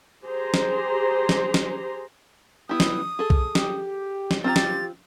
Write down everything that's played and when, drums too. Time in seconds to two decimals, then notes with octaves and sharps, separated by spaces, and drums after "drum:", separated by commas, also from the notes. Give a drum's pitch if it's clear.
0.24 G4 G#4 C5 A#5 C6
0.54 drum: snare
1.29 drum: snare
1.54 drum: snare
2.69 B3 E4 G4 D#6
2.80 drum: snare
3.19 G#4 A4
3.30 drum: kick B1
3.55 G4, drum: snare
4.31 drum: snare
4.44 F3 C4 F4 G4 A#5 A6
4.56 drum: snare